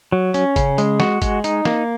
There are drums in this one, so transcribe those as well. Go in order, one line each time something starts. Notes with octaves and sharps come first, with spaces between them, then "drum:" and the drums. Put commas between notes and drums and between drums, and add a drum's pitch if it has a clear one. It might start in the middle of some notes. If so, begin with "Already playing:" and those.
F#3
C#4, drum: hi-hat
C#3, drum: kick, hi-hat
G#3, drum: hi-hat
F#4, drum: snare
G#3, drum: kick, hi-hat
D#4, drum: hi-hat
A#3, drum: snare